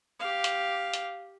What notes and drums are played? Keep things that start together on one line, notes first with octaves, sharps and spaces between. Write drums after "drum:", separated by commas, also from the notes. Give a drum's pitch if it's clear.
G4 F5
drum: hi-hat
drum: hi-hat